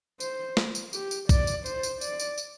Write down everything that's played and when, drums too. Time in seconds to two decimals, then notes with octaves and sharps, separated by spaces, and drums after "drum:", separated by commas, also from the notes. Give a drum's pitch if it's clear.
0.20 C5, drum: tambourine
0.57 drum: snare
0.75 drum: tambourine
0.93 G4, drum: tambourine
1.11 drum: tambourine
1.29 D5, drum: kick B1, tambourine
1.47 drum: tambourine
1.66 C5, drum: tambourine
1.83 drum: tambourine
2.01 D5, drum: tambourine
2.20 drum: tambourine
2.38 drum: tambourine